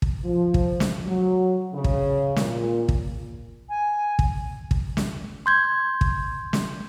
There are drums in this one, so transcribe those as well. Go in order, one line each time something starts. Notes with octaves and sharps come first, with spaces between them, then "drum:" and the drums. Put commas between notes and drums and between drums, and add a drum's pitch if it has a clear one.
drum: kick
F3
drum: kick
drum: snare
F#3
C#3
drum: kick
A#2, drum: snare
drum: kick
G#5
drum: kick
drum: kick
drum: snare
C6 G6 G#6
drum: kick
drum: snare